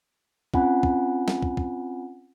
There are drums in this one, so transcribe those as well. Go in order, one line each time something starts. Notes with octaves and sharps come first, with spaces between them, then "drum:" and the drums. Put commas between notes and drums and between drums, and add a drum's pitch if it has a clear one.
C4 C#4 F4 F#5 G#5 B5, drum: kick
drum: kick
drum: snare
drum: kick
drum: kick